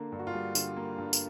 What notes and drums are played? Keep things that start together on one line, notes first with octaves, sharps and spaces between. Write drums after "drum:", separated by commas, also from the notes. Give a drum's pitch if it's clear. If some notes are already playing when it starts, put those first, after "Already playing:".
Already playing: D3 A#3
G2
F#4
F4
G3
D3, drum: tambourine
A#3
G2
drum: tambourine